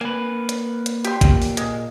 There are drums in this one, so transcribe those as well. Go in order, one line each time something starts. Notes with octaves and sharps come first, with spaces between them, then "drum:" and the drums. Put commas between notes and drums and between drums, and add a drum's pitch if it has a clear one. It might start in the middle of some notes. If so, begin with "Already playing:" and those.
A#3 B4 G#5
drum: hi-hat
drum: hi-hat
G4 C6, drum: hi-hat
A#2 A#3, drum: kick, hi-hat
drum: open hi-hat
G#3, drum: hi-hat